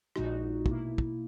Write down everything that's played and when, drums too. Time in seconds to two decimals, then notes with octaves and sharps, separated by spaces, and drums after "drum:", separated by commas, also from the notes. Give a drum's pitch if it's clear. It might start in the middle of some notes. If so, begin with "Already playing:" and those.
0.16 A#1 A#2 G#3 D#4 F#4, drum: rim click
0.66 B2 A#3 E4, drum: kick
0.98 drum: kick